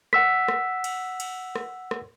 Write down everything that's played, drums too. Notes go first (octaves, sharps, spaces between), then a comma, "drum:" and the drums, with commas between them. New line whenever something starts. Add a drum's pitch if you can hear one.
F#5 E6 B6, drum: rim click
drum: rim click
drum: cymbal
drum: cymbal
drum: rim click
drum: rim click